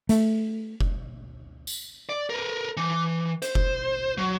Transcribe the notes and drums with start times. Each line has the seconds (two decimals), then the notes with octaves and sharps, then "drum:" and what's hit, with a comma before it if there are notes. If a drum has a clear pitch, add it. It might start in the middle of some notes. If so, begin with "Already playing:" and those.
0.09 A3, drum: hi-hat
0.80 drum: kick F1
1.67 drum: tambourine
2.09 D5
2.30 A#4 B4
2.77 E3
3.42 C5, drum: hi-hat
3.55 drum: kick F1
4.18 F#3